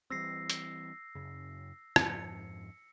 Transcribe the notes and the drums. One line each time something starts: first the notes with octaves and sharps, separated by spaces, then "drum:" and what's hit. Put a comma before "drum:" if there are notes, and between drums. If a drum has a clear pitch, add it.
E3 G3 C4 E6 A#6 C7
drum: hi-hat
F#2 C#3
F2 G#2 F3 C#7, drum: rim click